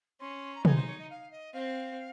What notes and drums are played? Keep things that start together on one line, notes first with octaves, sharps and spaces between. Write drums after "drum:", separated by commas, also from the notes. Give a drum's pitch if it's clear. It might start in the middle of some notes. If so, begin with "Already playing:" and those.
C#4 C6
A#5
D#4 G#5, drum: tom
C5
C#5
D#5
F5
D#5
C4 F5